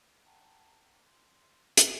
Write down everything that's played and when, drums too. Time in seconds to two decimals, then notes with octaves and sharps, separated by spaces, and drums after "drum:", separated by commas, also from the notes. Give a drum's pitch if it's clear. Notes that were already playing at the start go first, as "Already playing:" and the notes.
0.25 F#5 G5 A5 A#5
1.05 C6
1.77 C5, drum: hi-hat